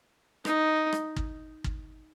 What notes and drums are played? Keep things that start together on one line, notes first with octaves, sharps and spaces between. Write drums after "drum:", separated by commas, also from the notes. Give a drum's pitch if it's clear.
D#4, drum: rim click
drum: rim click
drum: kick
drum: kick